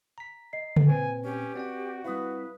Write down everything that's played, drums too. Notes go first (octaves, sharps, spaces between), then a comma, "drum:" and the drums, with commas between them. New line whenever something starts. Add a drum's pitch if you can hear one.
A#5 B6
D#5 C7
drum: tom C#3
A#2 C4 B4 C5 G#5
C#4 G4
C4 F#4 D5 G5
G3 C4 E4 B4 F5 D#6